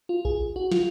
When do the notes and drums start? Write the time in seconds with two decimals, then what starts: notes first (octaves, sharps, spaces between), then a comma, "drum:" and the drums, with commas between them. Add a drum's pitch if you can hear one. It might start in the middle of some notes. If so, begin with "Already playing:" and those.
0.09 F4
0.25 G#4, drum: kick A#1
0.56 F#4
0.72 F4, drum: snare